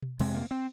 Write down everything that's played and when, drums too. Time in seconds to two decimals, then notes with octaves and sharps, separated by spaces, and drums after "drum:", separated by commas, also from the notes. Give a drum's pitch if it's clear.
0.02 drum: tom B2
0.19 F2 C3 G#3, drum: cymbal
0.35 A#3
0.51 C4